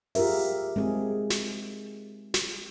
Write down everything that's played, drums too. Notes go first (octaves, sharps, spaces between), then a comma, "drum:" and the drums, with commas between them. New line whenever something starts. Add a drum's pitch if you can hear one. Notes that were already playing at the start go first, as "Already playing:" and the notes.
F4 G4 G#4 A#4 E5, drum: open hi-hat
G#3 C4 G#4
drum: snare
drum: snare